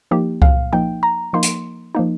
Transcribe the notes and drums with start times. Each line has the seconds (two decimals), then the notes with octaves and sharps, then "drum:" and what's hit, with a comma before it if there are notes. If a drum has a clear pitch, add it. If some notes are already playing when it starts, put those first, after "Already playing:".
0.11 F3 A#3 D#4 G4
0.42 F5, drum: kick C2
0.73 F3 A#3 D#4 G5
1.03 A#5
1.33 F3 A#3 D#4 C6
1.43 drum: hi-hat
1.95 F3 A#3 D#4